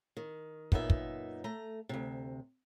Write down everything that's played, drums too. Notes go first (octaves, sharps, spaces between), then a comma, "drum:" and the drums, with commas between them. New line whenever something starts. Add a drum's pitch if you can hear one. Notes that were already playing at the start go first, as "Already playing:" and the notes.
D#3
F#2 A#2 B3 D#4 E5, drum: kick
drum: kick
A3 A#5
D2 C3